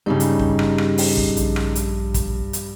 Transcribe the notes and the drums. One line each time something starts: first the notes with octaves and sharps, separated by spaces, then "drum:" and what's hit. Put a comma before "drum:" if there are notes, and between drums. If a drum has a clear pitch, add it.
G2 C#3 G3 D#4
drum: hi-hat
drum: kick
drum: rim click
drum: rim click
drum: open hi-hat
drum: kick
A#1, drum: hi-hat
drum: rim click
drum: hi-hat
drum: kick, hi-hat
drum: hi-hat